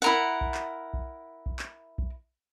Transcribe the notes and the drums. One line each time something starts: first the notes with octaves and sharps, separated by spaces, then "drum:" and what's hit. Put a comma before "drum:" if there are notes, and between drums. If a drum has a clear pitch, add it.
E4 A#4 F#5
drum: kick
drum: clap
drum: kick
drum: kick
drum: clap
drum: kick